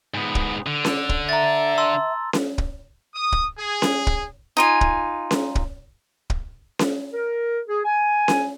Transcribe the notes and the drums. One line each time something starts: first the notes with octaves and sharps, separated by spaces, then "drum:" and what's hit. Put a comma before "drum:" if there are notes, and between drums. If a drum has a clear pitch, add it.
G#2 B3
drum: kick
D3
drum: snare C#4
drum: kick
E5 A#5 A6
A5 C6 E6
drum: snare C#4
drum: kick
D#6
drum: kick
G#4
drum: snare C#4
drum: kick
D#4 F4 G#5
drum: kick
drum: snare C#4
drum: kick
drum: kick
drum: snare C#4
A#4
G#4
G#5
drum: snare C#4